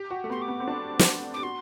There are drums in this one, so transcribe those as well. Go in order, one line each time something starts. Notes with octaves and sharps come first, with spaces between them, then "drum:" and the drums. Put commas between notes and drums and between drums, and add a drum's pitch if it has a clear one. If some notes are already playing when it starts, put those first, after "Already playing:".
Already playing: G4
F#4
A3
B3 C6
D6
B3
C4
D4
drum: snare
G4 D6
F#4 C6